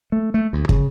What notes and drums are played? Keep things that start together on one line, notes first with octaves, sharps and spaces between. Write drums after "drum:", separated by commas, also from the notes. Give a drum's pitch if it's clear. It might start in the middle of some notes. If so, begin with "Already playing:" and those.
A3
A3
D2
C#3, drum: kick